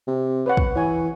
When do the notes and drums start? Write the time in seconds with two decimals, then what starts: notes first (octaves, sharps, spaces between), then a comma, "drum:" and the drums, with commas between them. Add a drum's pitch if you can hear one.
0.07 C3
0.46 B4 C#5 F#5
0.57 drum: kick
0.75 E3 C#5 G#5